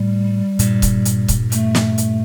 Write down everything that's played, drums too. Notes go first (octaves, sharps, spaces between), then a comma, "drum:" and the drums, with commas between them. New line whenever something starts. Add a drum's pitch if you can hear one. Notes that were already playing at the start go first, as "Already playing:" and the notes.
Already playing: A2 G3
G2 A#2, drum: hi-hat
drum: kick C#1, hi-hat
drum: hi-hat
drum: kick C#1, hi-hat
A3, drum: hi-hat
drum: snare
drum: hi-hat